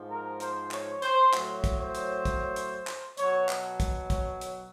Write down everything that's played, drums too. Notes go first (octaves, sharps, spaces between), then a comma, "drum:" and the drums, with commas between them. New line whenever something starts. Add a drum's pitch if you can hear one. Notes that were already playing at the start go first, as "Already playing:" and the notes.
Already playing: G#2 F3
A#4
C5, drum: hi-hat
C#5, drum: clap
C5, drum: hi-hat
A2 F#3, drum: clap
drum: kick, hi-hat
C5
drum: hi-hat
drum: kick, hi-hat
drum: hi-hat
drum: clap
B2 F#3 C#5, drum: hi-hat
drum: clap
drum: kick, hi-hat
C#5, drum: kick, hi-hat
drum: hi-hat